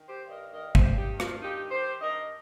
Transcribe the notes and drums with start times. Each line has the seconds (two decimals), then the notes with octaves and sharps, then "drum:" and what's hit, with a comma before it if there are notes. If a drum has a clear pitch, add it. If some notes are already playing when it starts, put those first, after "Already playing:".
Already playing: D#3
0.08 G4 C5
0.24 G2
0.31 A#4 D#5
0.52 D#3 A#4 D#5
0.75 G4 C5, drum: kick
0.82 G2
0.98 D#4 G4
1.13 G2
1.20 C4 F4, drum: rim click
1.42 D#3 D#4 G4
1.71 D#3 G4 C5
2.01 G2 A#4 D#5